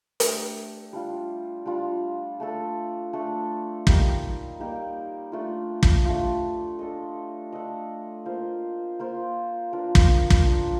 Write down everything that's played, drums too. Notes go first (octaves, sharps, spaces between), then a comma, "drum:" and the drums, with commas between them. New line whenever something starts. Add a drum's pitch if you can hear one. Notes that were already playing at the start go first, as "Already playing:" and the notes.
A3 D4 G4 D5, drum: hi-hat
G3 D4 F4
G3 D4 F4
A3 D4 A4
A3 D4 A4
G3 A#3 D#4 G4, drum: kick
G3 A#3 D#4 G4
A3 D4 F4
drum: kick
A3 D4 F4
D4 A4 D#5
D4 A4 D#5
A#3 F4 C5
A#3 F4 C5
D4 F4 A#4
drum: kick
drum: kick
D4 F4 A#4